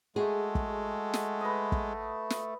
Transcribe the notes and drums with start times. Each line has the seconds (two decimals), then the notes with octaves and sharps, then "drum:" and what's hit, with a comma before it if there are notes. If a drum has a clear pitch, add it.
0.16 G#3 A3 F#4 G#4
0.55 drum: kick
1.13 drum: snare
1.41 B4 D#5
1.72 drum: kick
2.30 drum: snare